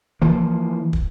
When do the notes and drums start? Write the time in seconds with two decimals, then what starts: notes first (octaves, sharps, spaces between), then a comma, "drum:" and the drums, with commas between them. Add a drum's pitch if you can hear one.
0.22 E3 F3 A#3
0.93 drum: kick